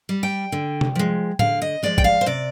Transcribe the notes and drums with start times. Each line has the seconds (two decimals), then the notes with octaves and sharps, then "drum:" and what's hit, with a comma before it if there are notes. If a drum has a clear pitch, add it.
0.09 G3
0.23 G5
0.52 D3
0.81 drum: tom C3
0.95 F3 G#3
1.39 D3 F5, drum: tom A2
1.62 D#5
1.83 F3 G#3 D5
1.98 G5, drum: kick
2.04 F5
2.21 C5
2.26 C3 D5